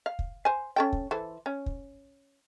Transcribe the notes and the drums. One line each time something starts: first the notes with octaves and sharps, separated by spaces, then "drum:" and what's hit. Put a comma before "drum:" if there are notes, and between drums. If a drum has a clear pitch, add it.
F5
drum: kick
C5 G#5
C#4 A4 G5
drum: kick
E3 A4 C5
C#4
drum: kick